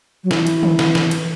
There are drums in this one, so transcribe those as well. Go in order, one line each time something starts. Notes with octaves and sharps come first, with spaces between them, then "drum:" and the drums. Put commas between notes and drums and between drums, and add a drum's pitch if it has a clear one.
F#3
E3, drum: snare
drum: cymbal
drum: tom
drum: snare
drum: snare
drum: cymbal